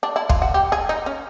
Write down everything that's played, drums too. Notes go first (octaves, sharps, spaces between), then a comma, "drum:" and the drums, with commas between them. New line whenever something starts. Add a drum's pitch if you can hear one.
D4
E4
F4, drum: kick
F#4
G4
G#4
D#4
C#4